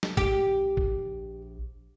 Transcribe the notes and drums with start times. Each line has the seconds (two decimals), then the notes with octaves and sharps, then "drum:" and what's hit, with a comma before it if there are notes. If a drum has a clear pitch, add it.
0.03 drum: snare
0.17 A#1 G4, drum: kick G#1
0.77 drum: kick G#1